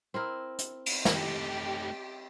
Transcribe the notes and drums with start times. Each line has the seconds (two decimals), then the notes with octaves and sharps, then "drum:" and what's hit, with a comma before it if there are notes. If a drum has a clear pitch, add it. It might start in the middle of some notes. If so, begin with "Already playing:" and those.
0.14 C4 E4 A#4
0.59 drum: hi-hat
0.86 drum: cymbal
1.05 A3 D#4 G4, drum: snare